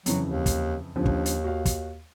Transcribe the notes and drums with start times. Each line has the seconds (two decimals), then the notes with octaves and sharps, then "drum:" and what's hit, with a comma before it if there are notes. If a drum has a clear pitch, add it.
0.06 F2 C#3 E3 F#3, drum: hi-hat
0.28 D#2
0.46 drum: kick, hi-hat
0.96 D#2 D3 F3 C#4
1.06 drum: kick
1.26 drum: hi-hat
1.44 F#4 F5
1.65 drum: kick, hi-hat